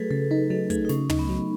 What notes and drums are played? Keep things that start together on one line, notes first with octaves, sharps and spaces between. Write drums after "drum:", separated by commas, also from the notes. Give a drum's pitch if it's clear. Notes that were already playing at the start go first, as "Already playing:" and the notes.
Already playing: F#3 A3 G#4 A4 B4
C#3 A4
D#4 B4
F#3 A4
A3 G#4, drum: kick, hi-hat
D#4
C#3 C#4, drum: snare
D#4, drum: tom
B3
F#3